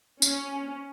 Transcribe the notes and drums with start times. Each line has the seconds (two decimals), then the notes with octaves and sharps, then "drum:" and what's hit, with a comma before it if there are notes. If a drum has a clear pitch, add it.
0.22 C#4, drum: tambourine